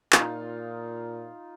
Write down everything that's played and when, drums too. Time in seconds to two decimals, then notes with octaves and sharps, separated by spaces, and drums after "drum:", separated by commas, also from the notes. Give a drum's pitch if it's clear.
0.13 F4, drum: clap
0.19 A#2 D#4